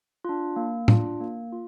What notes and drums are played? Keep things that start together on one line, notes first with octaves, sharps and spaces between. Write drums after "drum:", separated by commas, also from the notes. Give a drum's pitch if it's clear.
D4 F4
A#3
D4 F4, drum: tom
A#3
F4